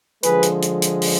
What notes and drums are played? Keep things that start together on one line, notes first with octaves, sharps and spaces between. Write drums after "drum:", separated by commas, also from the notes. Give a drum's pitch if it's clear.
D3 F3 G#3 G#4 B4, drum: hi-hat
drum: hi-hat
drum: hi-hat
drum: hi-hat
drum: open hi-hat